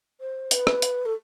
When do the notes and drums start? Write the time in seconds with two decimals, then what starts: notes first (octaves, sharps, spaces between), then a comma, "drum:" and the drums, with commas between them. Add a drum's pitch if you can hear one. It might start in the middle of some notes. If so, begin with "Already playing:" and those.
0.20 C5
0.51 B4, drum: hi-hat
0.67 drum: rim click
0.82 drum: hi-hat
1.05 A4